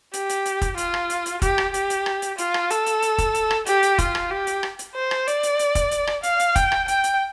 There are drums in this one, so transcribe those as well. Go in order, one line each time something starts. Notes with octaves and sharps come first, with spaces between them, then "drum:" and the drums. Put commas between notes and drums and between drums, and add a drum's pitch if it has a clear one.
G4, drum: hi-hat
drum: hi-hat
drum: hi-hat
drum: kick, hi-hat
F4, drum: hi-hat
drum: rim click
drum: hi-hat
drum: hi-hat
G4, drum: kick, hi-hat
drum: rim click
G4, drum: hi-hat
drum: hi-hat
drum: rim click
drum: hi-hat
F4, drum: hi-hat
drum: rim click
A4, drum: hi-hat
drum: hi-hat
drum: hi-hat
drum: kick, hi-hat
drum: hi-hat
drum: rim click
G4, drum: hi-hat
drum: hi-hat
F4, drum: kick, hi-hat
drum: rim click
G4
drum: hi-hat
drum: rim click
drum: hi-hat
C5
drum: rim click
D5, drum: hi-hat
drum: hi-hat
drum: hi-hat
drum: kick, hi-hat
drum: hi-hat
drum: rim click
F5, drum: hi-hat
drum: hi-hat
G5, drum: kick, hi-hat
drum: rim click
G5, drum: hi-hat
drum: hi-hat